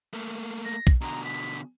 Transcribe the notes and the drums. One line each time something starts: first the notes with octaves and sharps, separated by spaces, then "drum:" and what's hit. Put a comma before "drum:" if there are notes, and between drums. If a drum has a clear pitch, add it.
A3 A#3
A#6
drum: kick B1
B2 D3 A#5
B6